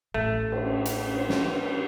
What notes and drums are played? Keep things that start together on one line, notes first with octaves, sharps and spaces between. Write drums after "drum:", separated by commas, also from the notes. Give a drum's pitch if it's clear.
A1 A3
drum: cymbal
drum: hi-hat
drum: cymbal
drum: snare